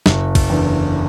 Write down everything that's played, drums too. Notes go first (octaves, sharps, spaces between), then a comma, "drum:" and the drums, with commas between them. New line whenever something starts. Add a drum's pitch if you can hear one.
F#1, drum: snare
drum: kick, cymbal
E2 D3